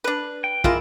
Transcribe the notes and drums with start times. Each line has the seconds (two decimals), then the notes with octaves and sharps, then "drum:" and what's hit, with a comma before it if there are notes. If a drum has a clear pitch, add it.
0.04 D4 B4
0.44 G5
0.64 G#3 A#3 E4 F4, drum: kick